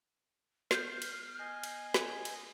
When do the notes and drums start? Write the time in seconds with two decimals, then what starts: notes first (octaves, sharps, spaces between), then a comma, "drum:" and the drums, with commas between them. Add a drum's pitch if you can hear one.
0.71 B3 F6 G6 C7, drum: snare
1.02 drum: cymbal
1.40 D#5 G#5
1.64 drum: cymbal
1.94 drum: snare
2.25 drum: cymbal